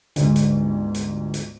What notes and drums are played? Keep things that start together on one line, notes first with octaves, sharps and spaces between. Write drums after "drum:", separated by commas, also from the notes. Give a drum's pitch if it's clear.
G1 D2 G#2, drum: hi-hat
drum: hi-hat
drum: hi-hat
drum: hi-hat